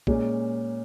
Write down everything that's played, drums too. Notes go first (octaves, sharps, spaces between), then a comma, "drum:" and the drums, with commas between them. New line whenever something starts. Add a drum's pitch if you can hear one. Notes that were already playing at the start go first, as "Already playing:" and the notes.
A#2 G#3 C#4, drum: kick